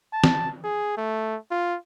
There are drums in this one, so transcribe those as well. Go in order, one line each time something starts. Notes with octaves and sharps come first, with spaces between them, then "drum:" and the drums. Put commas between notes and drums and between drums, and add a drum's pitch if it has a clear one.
A5
drum: snare
G#4
A3
F4